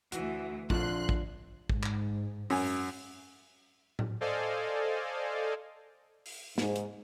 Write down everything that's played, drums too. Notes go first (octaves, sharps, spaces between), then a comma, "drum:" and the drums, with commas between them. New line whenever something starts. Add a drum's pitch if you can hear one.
D2 E3 F#4, drum: hi-hat
A#1 F2 D3 F3 C6 F#6, drum: kick
drum: kick
G#2, drum: kick
drum: clap
F#2 G#5, drum: open hi-hat
drum: tom A2
A4 C5 D5 D#5 F5 G#5
drum: open hi-hat
G#2, drum: snare
drum: hi-hat